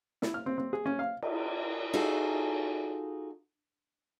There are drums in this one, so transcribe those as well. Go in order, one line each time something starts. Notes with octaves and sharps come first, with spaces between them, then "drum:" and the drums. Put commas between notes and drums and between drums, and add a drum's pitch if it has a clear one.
E4, drum: snare
F6
C4
C4
G#4
C#4
F5
drum: cymbal
D#4 F4 F#4 G#4 A4